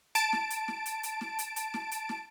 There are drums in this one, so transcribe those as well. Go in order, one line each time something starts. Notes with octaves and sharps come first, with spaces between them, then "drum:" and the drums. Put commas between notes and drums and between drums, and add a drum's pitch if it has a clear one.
A5 D7, drum: hi-hat
drum: snare
drum: hi-hat
drum: snare
drum: hi-hat
drum: hi-hat
drum: snare
drum: hi-hat
drum: hi-hat
drum: snare
drum: hi-hat
drum: snare